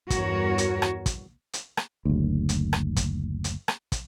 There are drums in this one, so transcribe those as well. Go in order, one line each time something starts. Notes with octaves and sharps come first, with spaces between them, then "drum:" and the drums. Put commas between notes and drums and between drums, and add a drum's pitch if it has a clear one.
E2 G2 F#4 A#4 C#5, drum: kick, hi-hat
drum: hi-hat
drum: rim click
drum: kick, hi-hat
drum: hi-hat
drum: rim click
F#1 D2
drum: hi-hat
drum: rim click
drum: kick, hi-hat
drum: hi-hat
drum: rim click
drum: kick, hi-hat